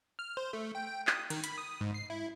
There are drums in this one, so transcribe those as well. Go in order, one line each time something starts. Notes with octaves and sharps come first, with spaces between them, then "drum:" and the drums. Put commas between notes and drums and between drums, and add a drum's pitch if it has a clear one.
F6
C5
A3
G5
G5
D#6, drum: clap
D#3, drum: cymbal
B5, drum: hi-hat
D#6
G#2
C7
E4